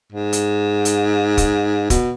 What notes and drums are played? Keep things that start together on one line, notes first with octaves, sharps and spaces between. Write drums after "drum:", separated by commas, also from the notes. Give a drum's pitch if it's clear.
G#2
drum: hi-hat
drum: hi-hat
drum: kick, hi-hat
B2, drum: kick, hi-hat